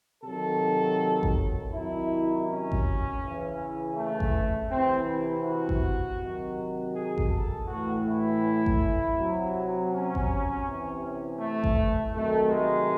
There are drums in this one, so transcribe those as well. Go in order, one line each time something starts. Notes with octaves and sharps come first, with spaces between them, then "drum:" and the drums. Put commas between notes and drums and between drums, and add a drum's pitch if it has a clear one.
C3 D#3 F#3 A4
drum: kick G#1
C3 D#3 F#3 E4
C#4
drum: kick G#1
C#3 E3
A3
drum: kick G#1
C3 E3 C4
E4
F#4
drum: kick G#1
C3 D#3 F#3
G#4
drum: kick G#1
A4
A2 E3 F#4
E4
drum: kick G#1
C3 F#3
C#4
drum: kick G#1
C3 E3
A3
drum: kick G#1
C3 D#3 F#3 A3
G#3